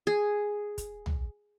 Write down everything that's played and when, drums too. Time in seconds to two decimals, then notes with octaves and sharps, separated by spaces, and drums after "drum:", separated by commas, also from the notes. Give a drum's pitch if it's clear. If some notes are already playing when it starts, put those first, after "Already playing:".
0.07 G#4
0.78 drum: kick, hi-hat
1.06 drum: tom